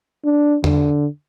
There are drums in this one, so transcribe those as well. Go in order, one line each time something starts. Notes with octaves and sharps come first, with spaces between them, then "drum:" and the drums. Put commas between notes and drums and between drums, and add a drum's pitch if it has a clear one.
D4
D3, drum: tom E2